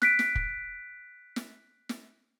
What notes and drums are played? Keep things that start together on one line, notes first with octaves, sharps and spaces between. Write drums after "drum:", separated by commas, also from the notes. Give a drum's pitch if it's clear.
F#6 B6 D7, drum: snare
drum: snare
drum: kick
drum: snare
drum: snare